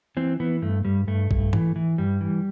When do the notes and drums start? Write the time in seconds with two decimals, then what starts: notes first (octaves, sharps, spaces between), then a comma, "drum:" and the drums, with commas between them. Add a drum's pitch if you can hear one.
0.17 E3 C4
0.40 E3 B3
0.62 G2 A3
0.85 G2 G3
1.07 G2 A3
1.31 G2, drum: kick B1
1.53 E3, drum: tom G#2
1.76 E3
1.98 G2 G3
2.21 E3